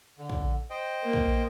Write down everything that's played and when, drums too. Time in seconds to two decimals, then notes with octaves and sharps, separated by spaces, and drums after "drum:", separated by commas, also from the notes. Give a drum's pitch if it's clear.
0.18 D3
0.29 drum: kick
0.70 C5 D#5 G5
1.03 A#3
1.13 drum: kick